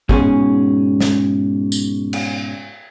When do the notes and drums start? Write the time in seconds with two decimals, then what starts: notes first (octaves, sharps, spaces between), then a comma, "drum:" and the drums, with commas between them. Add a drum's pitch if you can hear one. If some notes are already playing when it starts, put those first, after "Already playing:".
0.09 G#2 B2 C#4 G#4, drum: kick
1.00 drum: snare
1.72 drum: tambourine
2.13 drum: cymbal